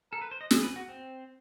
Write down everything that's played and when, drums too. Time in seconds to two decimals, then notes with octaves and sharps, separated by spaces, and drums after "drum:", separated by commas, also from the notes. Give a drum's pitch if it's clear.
0.12 A4 A#4
0.21 B4
0.31 C5
0.41 D#5
0.51 G#4 C5, drum: snare
0.63 B4
0.76 F#4
0.89 C4